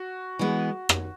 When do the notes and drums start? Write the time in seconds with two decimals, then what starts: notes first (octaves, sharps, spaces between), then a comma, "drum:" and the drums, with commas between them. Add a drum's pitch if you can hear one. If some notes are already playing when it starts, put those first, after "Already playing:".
Already playing: F#4
0.39 E3 G#3 B3
0.89 drum: rim click